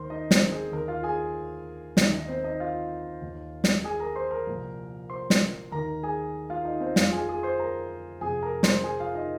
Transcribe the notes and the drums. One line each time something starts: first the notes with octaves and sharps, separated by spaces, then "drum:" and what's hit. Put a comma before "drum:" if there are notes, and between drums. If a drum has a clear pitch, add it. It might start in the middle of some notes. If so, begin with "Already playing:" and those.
Already playing: D#2 D#3 A#4 C5 C6
D#4 D#5
C4 C5, drum: snare
G#4
D#2 D#3 A#4
F4 F5
G#4 G#5
D#2 D#3 D#4 D#5, drum: snare
D#4 D#5
C4 C5
D#4 D#5
F4 F5
D#2 D#3
drum: snare
G#4 G#5
A#4 A#5
C5 C6
A#4 A#5
C2 A#2 F3
C5 C6
drum: snare
D#2 D#3 A#4 A#5
G#4 G#5
F4 F5
D#4 D#5
C4 C5
F2 F3 F4 F5, drum: snare
G#4 G#5
G#4 G#5
C5 C6
A#4 A#5
F2 C3 F3 G#4 G#5
A#4 A#5
C5 C6, drum: snare
G#4 G#5
F4 F5
D#4 D#5